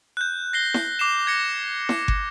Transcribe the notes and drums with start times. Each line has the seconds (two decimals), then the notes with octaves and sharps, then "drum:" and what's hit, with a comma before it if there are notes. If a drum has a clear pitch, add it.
0.17 F#6 G6
0.53 A#6 C7 G7
0.74 drum: snare E4
0.99 D6 C7 E7
1.27 G#6 A#6 C#7
1.89 drum: snare E4
2.08 drum: kick